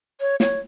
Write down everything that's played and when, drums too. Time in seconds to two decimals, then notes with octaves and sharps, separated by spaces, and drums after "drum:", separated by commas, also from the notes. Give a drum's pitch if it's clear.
0.21 C#5
0.40 C#5, drum: snare